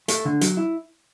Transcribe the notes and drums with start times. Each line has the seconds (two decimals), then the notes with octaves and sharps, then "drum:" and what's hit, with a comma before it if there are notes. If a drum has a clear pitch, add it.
0.08 A3, drum: hi-hat
0.25 D3
0.41 F#3, drum: hi-hat
0.57 E4